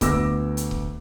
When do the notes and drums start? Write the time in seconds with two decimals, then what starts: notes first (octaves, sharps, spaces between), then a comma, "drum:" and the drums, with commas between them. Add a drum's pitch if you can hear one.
0.01 D2 B3 D6 E6 A#6, drum: kick C#1, hi-hat
0.57 drum: hi-hat
0.71 drum: kick C#1